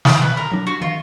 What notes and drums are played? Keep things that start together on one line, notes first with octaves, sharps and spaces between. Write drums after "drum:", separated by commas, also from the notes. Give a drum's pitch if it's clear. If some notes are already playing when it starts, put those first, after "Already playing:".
drum: snare
D#3 B4
A#4
F#3 D4
F#4
D#3 F4